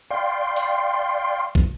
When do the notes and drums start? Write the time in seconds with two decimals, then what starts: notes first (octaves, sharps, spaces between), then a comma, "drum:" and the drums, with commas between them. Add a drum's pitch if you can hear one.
0.10 D5 F5 G5 C6
0.56 drum: open hi-hat
1.55 drum: kick